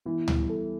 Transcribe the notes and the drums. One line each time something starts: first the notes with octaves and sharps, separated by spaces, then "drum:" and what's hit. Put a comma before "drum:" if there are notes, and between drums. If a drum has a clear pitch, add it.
E3 B3
G3, drum: tom C#2
A4